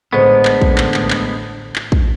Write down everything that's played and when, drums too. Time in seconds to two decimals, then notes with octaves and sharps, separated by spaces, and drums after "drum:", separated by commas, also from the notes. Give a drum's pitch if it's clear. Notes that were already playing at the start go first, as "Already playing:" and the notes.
0.13 A1 A2 D3 G#3 B3 C5
0.45 drum: clap
0.61 drum: kick
0.78 drum: clap
0.94 drum: clap
1.10 drum: clap
1.76 drum: clap
1.92 drum: kick